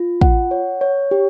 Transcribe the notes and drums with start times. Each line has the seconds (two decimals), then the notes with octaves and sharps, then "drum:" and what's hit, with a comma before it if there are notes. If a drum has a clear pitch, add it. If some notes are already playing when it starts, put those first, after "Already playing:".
Already playing: F4
0.21 F#5, drum: kick
0.51 C#5
0.81 C#5
1.11 G4